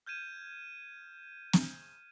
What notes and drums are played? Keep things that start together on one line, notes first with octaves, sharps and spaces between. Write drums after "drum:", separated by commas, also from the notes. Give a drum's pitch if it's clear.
F6 G6 G#6 D#7 E7
drum: snare